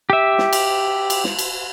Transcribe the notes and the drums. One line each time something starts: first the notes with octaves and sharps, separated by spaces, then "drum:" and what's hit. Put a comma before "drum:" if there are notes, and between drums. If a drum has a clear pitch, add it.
G4 E5
drum: snare
drum: cymbal
drum: cymbal
drum: snare
drum: cymbal